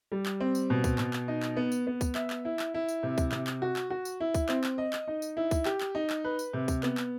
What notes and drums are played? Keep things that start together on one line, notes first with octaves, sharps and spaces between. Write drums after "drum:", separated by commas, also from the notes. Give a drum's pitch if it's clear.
G3
drum: clap
C4
drum: tambourine
B2
drum: kick C#2, tambourine
B2, drum: clap
drum: clap
D#4
drum: clap
B3
drum: tambourine
B3
drum: kick C#2, tambourine
E5, drum: clap
drum: clap
E4
drum: clap
E4
drum: tambourine
C3
drum: kick C#2, tambourine
C3, drum: clap
drum: clap
F#4
drum: clap
F#4
drum: tambourine
E4
drum: kick C#2, tambourine
C4, drum: clap
drum: clap
D#5
drum: clap
D#4
drum: tambourine
E4
drum: kick C#2, tambourine
G4, drum: clap
drum: clap
D#4
drum: clap
B4
drum: tambourine
C3
drum: kick C#2, tambourine
B3, drum: clap
drum: clap